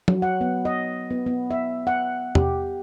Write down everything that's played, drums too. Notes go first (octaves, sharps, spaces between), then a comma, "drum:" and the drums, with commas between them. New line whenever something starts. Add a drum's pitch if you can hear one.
F#3, drum: tom
F#5
B3
D#5
B3
B3
E5
F#5
G4, drum: tom E2